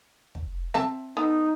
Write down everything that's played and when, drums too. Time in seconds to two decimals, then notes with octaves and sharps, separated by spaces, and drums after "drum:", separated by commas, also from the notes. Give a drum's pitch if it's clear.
0.35 drum: kick
0.74 C4 E5 A5, drum: snare
1.17 B3 D#4 A4